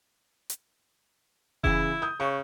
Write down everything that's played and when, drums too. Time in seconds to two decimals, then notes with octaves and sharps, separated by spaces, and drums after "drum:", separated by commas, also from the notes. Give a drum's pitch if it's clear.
0.50 drum: hi-hat
1.64 C#3 E3 E4, drum: kick F1
2.02 D#6 G6
2.20 C#3 C#6